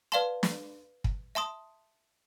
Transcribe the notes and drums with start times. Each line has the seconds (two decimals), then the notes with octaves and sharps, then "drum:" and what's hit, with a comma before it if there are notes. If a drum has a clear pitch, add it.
0.12 B4 D5 F5 A5 C6
0.43 drum: snare
1.04 drum: kick
1.35 E5 A5 C6 D#6